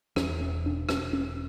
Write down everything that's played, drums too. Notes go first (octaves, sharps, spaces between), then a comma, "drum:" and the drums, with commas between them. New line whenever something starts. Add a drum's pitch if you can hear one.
E2 C#4, drum: rim click
E1 C#4
E1 D4
E1 C#4, drum: rim click
E1 C#4